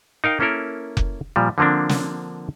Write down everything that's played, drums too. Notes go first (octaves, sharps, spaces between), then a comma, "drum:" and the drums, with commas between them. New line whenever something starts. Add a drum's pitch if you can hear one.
D#4 A#4 F5 G5
A#3 C#4 E4 A4 A#4
drum: kick F1
A#2 F3 G3
D3 F3 A#3 C4 D4
drum: snare